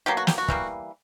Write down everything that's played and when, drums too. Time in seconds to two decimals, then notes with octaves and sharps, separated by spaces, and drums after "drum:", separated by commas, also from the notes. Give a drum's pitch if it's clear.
0.06 B2 F#3 A#3 G4
0.17 F#4
0.27 G4, drum: snare
0.38 F#4
0.48 E3 G3 A#3, drum: kick